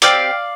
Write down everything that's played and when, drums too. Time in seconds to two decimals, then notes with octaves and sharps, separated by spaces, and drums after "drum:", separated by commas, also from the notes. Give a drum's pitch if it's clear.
0.02 C4 G4 D5 F5, drum: hi-hat